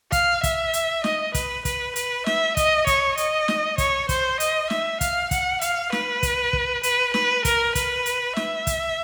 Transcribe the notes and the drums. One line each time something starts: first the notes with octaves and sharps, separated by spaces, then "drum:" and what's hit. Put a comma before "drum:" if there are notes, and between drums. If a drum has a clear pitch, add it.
F5, drum: kick, hi-hat
E5, drum: kick, hi-hat
drum: hi-hat
D#5, drum: snare
B4, drum: kick, hi-hat
B4, drum: kick, hi-hat
B4, drum: hi-hat
E5, drum: snare
D#5, drum: kick, hi-hat
C#5, drum: kick, hi-hat
D#5, drum: hi-hat
drum: snare
C#5, drum: kick, hi-hat
C5, drum: kick, hi-hat
D#5, drum: hi-hat
E5, drum: snare
F5, drum: kick, hi-hat
F#5, drum: kick, hi-hat
F5, drum: hi-hat
B4, drum: snare
drum: kick, hi-hat
drum: kick
B4, drum: hi-hat
B4, drum: snare
A#4, drum: kick, hi-hat
B4, drum: kick, hi-hat
drum: hi-hat
E5, drum: snare
drum: kick, hi-hat